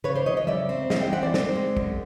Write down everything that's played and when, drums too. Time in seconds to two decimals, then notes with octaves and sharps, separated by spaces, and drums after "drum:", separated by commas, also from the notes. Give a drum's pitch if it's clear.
0.04 C#3 B4 C#5
0.15 C5 D5
0.26 E3 C#5 D#5
0.37 C#5 D#5
0.47 C#3 D5 E5, drum: tom F#3
0.69 C4
0.90 E3 D#5 F5, drum: snare
1.01 F5 G5
1.13 C4 E5 F#5
1.22 C5 D5
1.34 C4, drum: snare
1.56 G#3
1.77 F#2, drum: kick